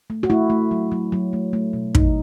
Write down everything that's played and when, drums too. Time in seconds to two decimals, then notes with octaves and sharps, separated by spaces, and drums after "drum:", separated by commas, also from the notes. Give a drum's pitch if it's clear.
0.10 A3
0.23 F#4
0.30 A3 E4
0.50 A3
0.71 F#3
0.92 F#3
1.12 F#3
1.33 A3
1.53 A3
1.73 B2
1.95 B2 D#4, drum: kick